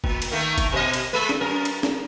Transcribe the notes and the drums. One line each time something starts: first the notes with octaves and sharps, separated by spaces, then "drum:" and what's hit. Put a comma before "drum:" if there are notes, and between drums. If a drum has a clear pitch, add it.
A#2, drum: kick
drum: cymbal
D#3 A3 A#3
drum: kick, cymbal
B2 A4 D#5
drum: cymbal
G#3 B4
drum: snare
F#2 A#4
drum: cymbal
drum: snare